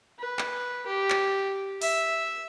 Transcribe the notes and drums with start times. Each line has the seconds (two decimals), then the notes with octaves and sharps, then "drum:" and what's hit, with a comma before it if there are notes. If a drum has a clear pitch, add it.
0.18 B4
0.39 drum: clap
0.87 G4
1.10 drum: clap
1.82 E5, drum: open hi-hat